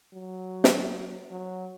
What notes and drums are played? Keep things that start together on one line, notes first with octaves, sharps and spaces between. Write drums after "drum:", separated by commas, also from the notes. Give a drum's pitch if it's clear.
F#3
drum: snare
F#3